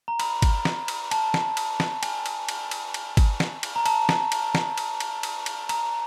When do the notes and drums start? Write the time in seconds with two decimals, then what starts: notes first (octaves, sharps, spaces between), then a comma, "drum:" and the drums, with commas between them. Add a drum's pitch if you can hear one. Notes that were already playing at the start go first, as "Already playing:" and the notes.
0.08 A#5
0.20 B5, drum: cymbal
0.42 drum: kick G1, cymbal
0.65 drum: snare
0.88 drum: cymbal
1.11 A5, drum: cymbal
1.34 drum: snare
1.57 drum: cymbal
1.80 drum: snare
2.03 G#5, drum: cymbal
2.26 drum: cymbal
2.49 drum: cymbal
2.71 drum: cymbal
2.94 drum: cymbal
3.17 drum: kick G1, cymbal
3.40 drum: snare
3.63 drum: cymbal
3.76 A#5
3.86 A5, drum: cymbal
4.09 drum: snare
4.32 drum: cymbal
4.55 drum: snare
4.78 drum: cymbal
5.00 drum: cymbal
5.23 drum: cymbal
5.46 drum: cymbal
5.69 A#5, drum: cymbal